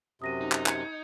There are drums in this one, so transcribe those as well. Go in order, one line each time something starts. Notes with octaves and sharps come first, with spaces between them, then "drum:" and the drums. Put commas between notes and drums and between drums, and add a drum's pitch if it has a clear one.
F#2 C3 D#6 A#6 D#7
D#4
drum: clap
G#6 C#7, drum: clap